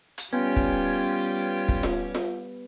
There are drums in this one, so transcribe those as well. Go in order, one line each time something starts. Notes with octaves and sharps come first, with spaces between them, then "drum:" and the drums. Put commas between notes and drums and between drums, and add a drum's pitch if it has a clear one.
drum: hi-hat
G3 B3 C#4 F4 G4 B4 G5
drum: kick
drum: kick
drum: snare F4
drum: snare F4